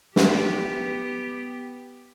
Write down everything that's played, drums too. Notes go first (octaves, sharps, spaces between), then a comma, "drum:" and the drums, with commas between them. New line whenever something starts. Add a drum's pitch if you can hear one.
B3 G4, drum: snare